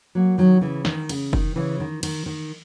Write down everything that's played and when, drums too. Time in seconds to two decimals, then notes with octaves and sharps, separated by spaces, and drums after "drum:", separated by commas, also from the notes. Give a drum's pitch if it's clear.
0.15 F#3 A#3
0.38 D#3 F#3
0.61 C#3 E3
0.85 D#3, drum: snare
1.09 C#3, drum: cymbal
1.33 D#3, drum: kick
1.56 C#3 E3
1.80 D#3
2.03 D#3, drum: cymbal
2.26 D#3